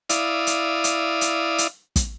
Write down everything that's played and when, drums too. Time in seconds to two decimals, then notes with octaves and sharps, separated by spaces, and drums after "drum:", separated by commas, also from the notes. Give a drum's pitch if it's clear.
0.09 E4 D5 F5 D#6, drum: hi-hat
0.47 drum: hi-hat
0.84 drum: hi-hat
1.21 drum: hi-hat
1.58 drum: hi-hat
1.96 drum: kick, hi-hat